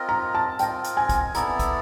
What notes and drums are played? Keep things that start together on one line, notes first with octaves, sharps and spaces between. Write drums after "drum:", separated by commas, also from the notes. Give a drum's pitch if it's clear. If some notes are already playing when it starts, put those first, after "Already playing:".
Already playing: C4 F4 A#4 D#5
A#5
A5
C4 F4 A#4 D#5 G5, drum: hi-hat
drum: hi-hat
G#5
drum: kick, hi-hat
B3 E4 A4 D5 A#5, drum: hi-hat
drum: kick, hi-hat